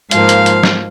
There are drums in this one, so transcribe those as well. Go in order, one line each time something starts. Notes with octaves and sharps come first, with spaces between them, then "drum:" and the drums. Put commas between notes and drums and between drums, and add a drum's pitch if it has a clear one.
G#2 F3 A#3 F5, drum: hi-hat
drum: hi-hat
drum: hi-hat
drum: snare